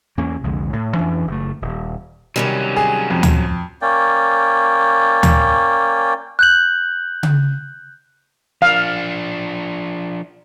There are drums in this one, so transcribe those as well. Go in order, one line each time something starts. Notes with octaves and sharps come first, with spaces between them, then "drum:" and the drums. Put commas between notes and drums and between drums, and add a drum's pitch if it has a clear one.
E2 A#3 C#4
C2 F2 D3 G#3
A2
F2 E3 C#4 D4
F#1 A3
D#1
C3 D#3 F#3 G3 C4 C#4
G#4
F2
drum: tom D2
A#3 C#4 D5 G5
drum: tom D2
F#6 G6 F#7
drum: tom C#3
F3 D4 F5